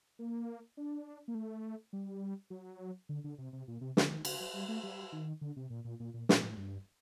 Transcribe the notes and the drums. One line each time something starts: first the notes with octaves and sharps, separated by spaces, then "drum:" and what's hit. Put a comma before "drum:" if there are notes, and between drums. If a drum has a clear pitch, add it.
A#3
D4
A#3
A3
G3
F#3
D3
D3
C3
C3
A#2
C3
D3, drum: snare
D#3
D3, drum: cymbal
F#3
G3
A3
G3
D#3
D3
C3
A#2
A#2
A#2
A#2
A#2, drum: snare
A2
G2